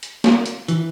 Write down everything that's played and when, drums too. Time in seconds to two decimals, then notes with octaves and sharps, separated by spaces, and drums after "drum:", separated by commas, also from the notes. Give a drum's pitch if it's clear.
0.03 drum: hi-hat
0.24 drum: snare
0.46 drum: hi-hat
0.68 E3, drum: hi-hat